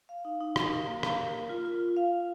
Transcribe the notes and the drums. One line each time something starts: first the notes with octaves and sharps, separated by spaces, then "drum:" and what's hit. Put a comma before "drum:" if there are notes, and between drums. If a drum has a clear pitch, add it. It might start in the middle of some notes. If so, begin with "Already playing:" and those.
F5
D#4
D#4
A#4, drum: rim click
F5
A#3
F5, drum: rim click
A#4
A#4
F4
F4
F4
F5
F4